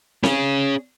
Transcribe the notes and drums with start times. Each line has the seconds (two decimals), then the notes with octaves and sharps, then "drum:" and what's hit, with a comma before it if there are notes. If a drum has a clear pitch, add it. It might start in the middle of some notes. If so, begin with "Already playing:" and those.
0.23 C#4 G#4, drum: snare C4